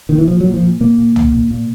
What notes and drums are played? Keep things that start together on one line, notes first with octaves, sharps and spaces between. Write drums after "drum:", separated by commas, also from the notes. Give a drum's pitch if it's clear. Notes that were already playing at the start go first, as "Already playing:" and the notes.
A#2 D#3
E3
A#2 F3
A#2 F#3
F3
A#2
A#2 A#3
A#2
A#2, drum: tom
A#2
A#2